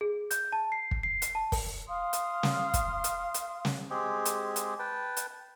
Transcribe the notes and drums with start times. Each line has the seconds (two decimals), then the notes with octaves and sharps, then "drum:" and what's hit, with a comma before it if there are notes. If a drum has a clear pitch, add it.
0.01 G#4
0.31 G6, drum: hi-hat
0.52 A5
0.72 C7
0.91 drum: kick
1.03 C7
1.22 drum: hi-hat
1.35 A5
1.52 drum: kick, open hi-hat
1.87 F5 C6 D#6
2.13 drum: hi-hat
2.43 drum: snare
2.74 drum: kick, hi-hat
3.04 drum: hi-hat
3.34 drum: hi-hat
3.65 drum: snare
3.90 G#3 C4 G4 G#4
4.25 drum: hi-hat
4.56 drum: hi-hat
4.79 B4 G5 A5
5.17 drum: hi-hat